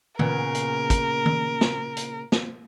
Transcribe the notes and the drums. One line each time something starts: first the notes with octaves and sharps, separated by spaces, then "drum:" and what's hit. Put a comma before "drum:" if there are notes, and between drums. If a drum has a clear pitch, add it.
A#2 C#3 B3 A#4, drum: tom
drum: hi-hat
drum: kick, hi-hat
drum: tom
drum: snare
drum: hi-hat
drum: snare